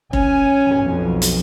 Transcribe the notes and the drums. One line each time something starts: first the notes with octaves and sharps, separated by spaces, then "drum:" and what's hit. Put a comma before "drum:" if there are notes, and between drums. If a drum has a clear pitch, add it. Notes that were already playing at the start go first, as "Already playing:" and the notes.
C#4 G#5, drum: kick
B1 F2
drum: hi-hat